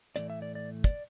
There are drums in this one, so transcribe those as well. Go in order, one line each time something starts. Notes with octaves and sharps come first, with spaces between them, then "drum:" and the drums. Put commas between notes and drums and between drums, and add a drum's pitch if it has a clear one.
A2 E3 A3 C4 D5, drum: hi-hat
E5
D5
D5
D5, drum: kick, hi-hat